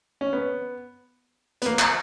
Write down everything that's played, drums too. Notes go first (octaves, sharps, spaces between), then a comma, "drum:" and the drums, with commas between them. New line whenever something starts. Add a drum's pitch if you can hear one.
C#4
B3
B3, drum: hi-hat
A#3
drum: clap